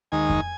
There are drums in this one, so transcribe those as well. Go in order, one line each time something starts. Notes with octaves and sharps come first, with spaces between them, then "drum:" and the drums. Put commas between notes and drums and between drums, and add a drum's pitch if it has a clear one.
D#2 D#3 G#3 D#4 G#5
drum: kick F2